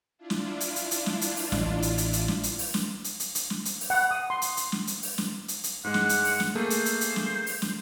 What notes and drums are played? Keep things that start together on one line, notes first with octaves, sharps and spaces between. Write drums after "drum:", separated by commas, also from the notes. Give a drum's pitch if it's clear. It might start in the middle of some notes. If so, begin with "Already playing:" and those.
D4 E4 F4
drum: snare
drum: hi-hat
drum: hi-hat
drum: hi-hat
drum: snare
drum: hi-hat
drum: open hi-hat
A1, drum: snare
drum: hi-hat
drum: hi-hat
drum: hi-hat
drum: snare
drum: hi-hat
drum: open hi-hat
drum: snare
drum: hi-hat
drum: hi-hat
drum: hi-hat
drum: snare
drum: hi-hat
drum: open hi-hat
F#5
D#6
C6
drum: hi-hat
drum: hi-hat
drum: snare
drum: hi-hat
drum: open hi-hat
drum: snare
drum: hi-hat
drum: hi-hat
G#2 G#3 F#5
drum: snare
drum: hi-hat
drum: open hi-hat
drum: snare
A3 A#3 G#4 C5
drum: hi-hat
drum: hi-hat
drum: hi-hat
drum: snare
drum: open hi-hat
drum: snare